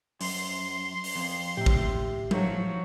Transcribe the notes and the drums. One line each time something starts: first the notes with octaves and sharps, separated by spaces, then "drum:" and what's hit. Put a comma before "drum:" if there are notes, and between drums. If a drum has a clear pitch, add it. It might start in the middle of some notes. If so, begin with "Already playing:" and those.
F#2 C6, drum: open hi-hat
drum: open hi-hat
F2
A2 G4 E5
drum: kick
F3 F#3, drum: tom F#3